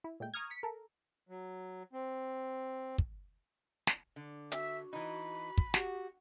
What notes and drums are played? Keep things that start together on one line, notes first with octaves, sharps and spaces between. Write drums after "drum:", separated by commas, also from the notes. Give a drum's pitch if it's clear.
E4
A#2 G#3 A3 G5
A#5 C#6 D#6 F6 G#6
B6 C#7
A4 A#4
F#3
C4
drum: kick
drum: snare
D3
F#4 E5, drum: hi-hat
E3 D#4 B5
drum: kick
F#4 G4, drum: snare